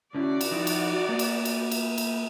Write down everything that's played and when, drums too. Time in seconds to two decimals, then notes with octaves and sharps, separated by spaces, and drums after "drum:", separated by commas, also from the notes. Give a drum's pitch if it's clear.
0.14 D3 C#4 E4 F#4 D5
0.41 drum: cymbal
0.52 F3 D#4 E4
0.67 drum: cymbal
1.09 A#3 B3
1.19 drum: cymbal
1.45 drum: cymbal
1.71 drum: cymbal
1.98 drum: cymbal